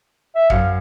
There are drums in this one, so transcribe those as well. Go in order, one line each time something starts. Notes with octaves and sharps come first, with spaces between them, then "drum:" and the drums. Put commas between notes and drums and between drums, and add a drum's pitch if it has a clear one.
E5
F#2 F5 C#7, drum: kick